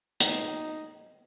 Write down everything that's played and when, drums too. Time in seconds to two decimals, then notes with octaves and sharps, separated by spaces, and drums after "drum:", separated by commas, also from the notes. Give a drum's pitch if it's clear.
0.20 D#4, drum: hi-hat